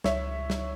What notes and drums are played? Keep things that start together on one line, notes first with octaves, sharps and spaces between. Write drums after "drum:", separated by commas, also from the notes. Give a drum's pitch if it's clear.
C#2 C#5 E5, drum: snare
drum: snare